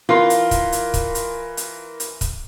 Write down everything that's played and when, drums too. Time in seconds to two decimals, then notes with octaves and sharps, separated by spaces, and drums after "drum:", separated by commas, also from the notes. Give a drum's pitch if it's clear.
0.09 E3 F4 A#4 C6
0.30 drum: hi-hat
0.51 drum: kick, hi-hat
0.72 drum: hi-hat
0.94 drum: kick, hi-hat
1.15 drum: hi-hat
1.57 drum: hi-hat
2.00 drum: hi-hat
2.21 drum: kick, hi-hat